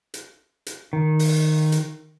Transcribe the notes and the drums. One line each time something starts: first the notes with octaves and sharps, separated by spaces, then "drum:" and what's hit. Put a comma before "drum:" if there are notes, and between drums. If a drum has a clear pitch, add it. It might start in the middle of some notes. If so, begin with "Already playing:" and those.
drum: hi-hat
drum: hi-hat
D#3
drum: open hi-hat
drum: hi-hat